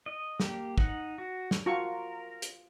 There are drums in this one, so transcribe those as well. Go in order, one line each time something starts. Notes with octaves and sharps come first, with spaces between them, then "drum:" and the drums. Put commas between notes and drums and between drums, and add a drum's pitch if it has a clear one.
D#5
A#3 G4, drum: snare
D#4 F#5, drum: kick
F#4
drum: snare
F4 F#4 A#4 C#6
drum: hi-hat